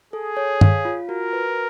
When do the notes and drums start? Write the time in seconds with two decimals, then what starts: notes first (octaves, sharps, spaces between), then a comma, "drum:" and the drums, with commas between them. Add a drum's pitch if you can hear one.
0.13 G#4 A4
0.37 C#5
0.61 F5, drum: tom G2
0.85 F4
1.09 F#4 A#4
1.33 B4